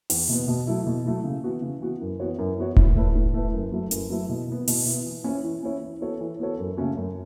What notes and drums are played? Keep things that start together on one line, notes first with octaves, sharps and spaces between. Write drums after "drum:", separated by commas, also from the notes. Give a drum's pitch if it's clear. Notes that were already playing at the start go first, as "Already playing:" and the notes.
E2, drum: open hi-hat
B2 B3
B2
F#3 A3 E4
B2
F#3 A3 E4
C#3
E3 B3 F#4
C#3
E3 B3 F#4
F#2
E3 B3 F#4 C#5
F#2
E3 B3 F#4 C#5
A2, drum: kick E1
A3 E4 B4
A2
A3 E4 B4
F#2
F#3 A3 E4 B4
F#2, drum: hi-hat
F#3 A3 E4 B4
B2
B3 E4
B2, drum: open hi-hat
B3 E4
E3
C#4 E4 C#5
E3
C#4 E4 C#5
E3
B3 F#4 A4 C#5
E3
B3 F#4 A4 C#5
F#2
C#3 A3 C#4 F#4
F#2